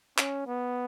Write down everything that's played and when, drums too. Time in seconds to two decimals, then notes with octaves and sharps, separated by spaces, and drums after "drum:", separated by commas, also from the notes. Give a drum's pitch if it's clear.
0.18 C#4, drum: clap
0.47 B3